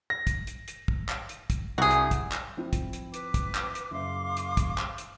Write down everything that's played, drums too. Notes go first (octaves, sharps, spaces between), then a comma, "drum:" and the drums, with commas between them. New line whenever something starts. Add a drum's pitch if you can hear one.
A#6
drum: kick, hi-hat
drum: hi-hat
drum: hi-hat
drum: kick
drum: clap
drum: hi-hat
drum: kick, hi-hat
C2 F#4 G#4
drum: hi-hat
drum: kick, hi-hat
drum: clap
F3 C4 E4
drum: kick, hi-hat
drum: hi-hat
B4 D6, drum: hi-hat
drum: kick, hi-hat
drum: clap
drum: hi-hat
F#1 E5 F5 C6 D6
drum: hi-hat
drum: kick, hi-hat
drum: clap
drum: hi-hat